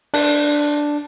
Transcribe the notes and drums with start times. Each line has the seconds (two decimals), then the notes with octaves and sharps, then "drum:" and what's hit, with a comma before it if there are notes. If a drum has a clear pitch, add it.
0.14 D4, drum: open hi-hat